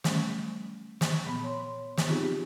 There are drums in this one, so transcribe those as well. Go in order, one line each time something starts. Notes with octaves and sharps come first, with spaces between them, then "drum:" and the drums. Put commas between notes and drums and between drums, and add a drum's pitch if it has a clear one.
G3 A3 C#4, drum: snare
drum: snare
A#2 B3 B5
C#5 C6
drum: snare
B3 C4 D#4 F4 G4 G#4